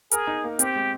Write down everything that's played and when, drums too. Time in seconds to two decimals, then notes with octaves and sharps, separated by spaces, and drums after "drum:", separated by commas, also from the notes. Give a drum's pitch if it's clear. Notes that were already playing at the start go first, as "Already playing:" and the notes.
0.11 G#4 A#4, drum: hi-hat
0.27 D#4
0.44 A#3
0.59 C4 G4, drum: hi-hat
0.75 G#3